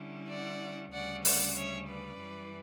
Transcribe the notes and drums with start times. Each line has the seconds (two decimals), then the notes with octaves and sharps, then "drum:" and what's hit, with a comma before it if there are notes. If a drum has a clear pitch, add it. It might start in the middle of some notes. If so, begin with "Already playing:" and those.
Already playing: D3 G3 C#4 E4
0.30 D5 F#5
0.93 D2 C#3 G3 C#4 D5 F#5
1.25 D5 F#5, drum: open hi-hat
1.56 C#5 E5
1.88 B4 D5
2.20 F#2 E3 G3